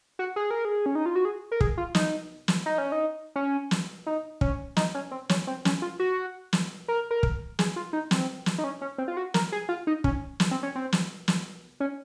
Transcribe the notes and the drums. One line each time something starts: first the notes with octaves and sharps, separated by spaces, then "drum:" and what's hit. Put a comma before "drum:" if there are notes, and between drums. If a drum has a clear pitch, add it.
F#4
G#4
A#4
G#4
C#4
D#4
F4
F#4
G#4
A#4
G#4, drum: kick
F4
D#4, drum: snare
drum: snare
D#4
C#4
D#4
C#4
drum: snare
D#4
C#4, drum: kick
D#4, drum: snare
C#4
C4
C#4, drum: snare
C4
C#4, drum: snare
F4
F#4
drum: snare
A#4
A#4
drum: kick
G#4, drum: snare
F4
D#4
C4, drum: snare
drum: snare
D#4
C#4
C#4
C4
F4
F#4
A#4, drum: snare
G#4
F4
D#4
C#4, drum: kick
drum: snare
C4
C#4
C4
drum: snare
drum: snare
C#4